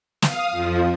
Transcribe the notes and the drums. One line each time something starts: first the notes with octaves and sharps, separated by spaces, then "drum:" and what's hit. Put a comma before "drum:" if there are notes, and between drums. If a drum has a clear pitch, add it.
F5 D#6, drum: snare
F2 F3